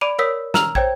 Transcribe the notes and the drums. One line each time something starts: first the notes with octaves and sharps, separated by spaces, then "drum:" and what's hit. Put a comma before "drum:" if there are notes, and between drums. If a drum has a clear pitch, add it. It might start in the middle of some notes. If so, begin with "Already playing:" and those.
D5 B5 D6 D7 D#7 F7
A#4 C#5 D#6 E6 B6
A#5 E6 F6 F7 F#7, drum: snare
C5 C#5 G5 G#6, drum: kick